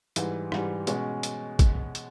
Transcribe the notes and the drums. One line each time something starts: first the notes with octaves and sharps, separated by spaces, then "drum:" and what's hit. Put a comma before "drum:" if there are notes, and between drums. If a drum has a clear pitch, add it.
G#2 E3 G3, drum: hi-hat
G#2 E3 G3, drum: rim click
B2 G#3 C#4, drum: hi-hat
drum: hi-hat
drum: kick, hi-hat
drum: hi-hat